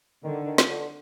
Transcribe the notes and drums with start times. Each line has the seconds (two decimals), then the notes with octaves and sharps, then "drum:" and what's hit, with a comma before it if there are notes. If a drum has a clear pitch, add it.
0.24 D3 D#3
0.46 D#3
0.58 drum: snare
0.70 D3